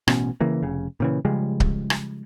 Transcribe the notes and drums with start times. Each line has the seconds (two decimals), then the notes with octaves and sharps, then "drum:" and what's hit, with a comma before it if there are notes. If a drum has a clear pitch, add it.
0.08 A1 B2 B3 C#4, drum: rim click
0.41 C#3 E3 A#3
0.63 F1 C#3
1.00 A#2 C#3 E3
1.25 C#3 F3 G3 G#3
1.60 drum: kick C#1
1.90 drum: rim click